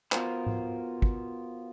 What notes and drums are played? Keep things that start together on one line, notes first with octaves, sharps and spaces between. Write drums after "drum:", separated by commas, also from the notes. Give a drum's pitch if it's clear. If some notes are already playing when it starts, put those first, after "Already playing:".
B3 F4 F#4 A#4 C5, drum: clap
drum: tom G#2
drum: kick